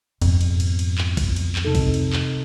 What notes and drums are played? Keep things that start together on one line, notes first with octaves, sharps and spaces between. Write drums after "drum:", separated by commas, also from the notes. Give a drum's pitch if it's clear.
F2 G#2 B2, drum: cymbal
drum: cymbal
drum: cymbal
drum: cymbal
drum: clap
drum: kick A#1, cymbal
drum: cymbal
drum: clap
C3 D#4 A4
drum: kick A#1, cymbal
drum: cymbal
drum: clap